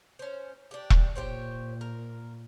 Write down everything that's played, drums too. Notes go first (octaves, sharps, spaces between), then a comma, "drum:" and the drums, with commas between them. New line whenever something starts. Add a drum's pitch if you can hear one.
C#4 C5
D4 G4
drum: kick E1
A#2 G4 C5 C#5
A#4